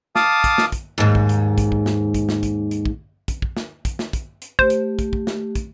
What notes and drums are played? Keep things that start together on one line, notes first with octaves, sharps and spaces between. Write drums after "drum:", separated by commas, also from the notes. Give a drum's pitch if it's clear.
F5 A5 D6 D#6, drum: snare
drum: kick, hi-hat
drum: snare
drum: kick, hi-hat
D#2 G#2
drum: kick
drum: hi-hat
drum: kick, hi-hat
drum: kick
drum: snare
drum: kick, hi-hat
drum: snare
drum: kick, hi-hat
drum: hi-hat
drum: kick
drum: kick, hi-hat
drum: kick
drum: snare
drum: kick, hi-hat
drum: snare
drum: kick, hi-hat
drum: hi-hat
A3 G4 C5, drum: kick
drum: hi-hat
drum: kick, hi-hat
drum: kick
drum: snare
drum: kick, hi-hat